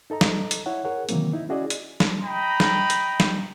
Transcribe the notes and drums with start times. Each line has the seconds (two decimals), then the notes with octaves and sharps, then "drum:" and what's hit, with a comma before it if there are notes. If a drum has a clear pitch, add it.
0.10 D#4 A4 D#5 A#5
0.21 drum: snare
0.51 drum: hi-hat
0.66 E4 C#5 F#5
0.85 G#4 A#4 C#5 F#5
1.09 C3 D#3 E3 F#3 A#3 C4, drum: hi-hat
1.34 D#4 E4
1.49 C#4 E4 F#4 G#4 D5 D#5
1.70 drum: hi-hat
2.00 drum: snare
2.23 D#5 G5 A#5 B5
2.60 drum: snare
2.90 drum: hi-hat
3.20 drum: snare